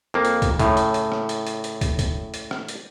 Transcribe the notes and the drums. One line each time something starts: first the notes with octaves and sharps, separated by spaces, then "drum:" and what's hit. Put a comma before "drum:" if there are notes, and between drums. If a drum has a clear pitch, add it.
F2 A#3
drum: hi-hat
drum: kick, hi-hat
A2 C#3, drum: kick, hi-hat
drum: hi-hat
drum: hi-hat
drum: rim click
drum: hi-hat
drum: hi-hat
drum: hi-hat
drum: kick, hi-hat
drum: kick, hi-hat
drum: hi-hat
drum: rim click
drum: hi-hat